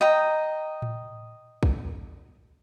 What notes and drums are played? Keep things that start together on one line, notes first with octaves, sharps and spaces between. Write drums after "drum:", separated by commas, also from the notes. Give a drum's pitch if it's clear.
D#5 G5 A#5
drum: tom A2
drum: kick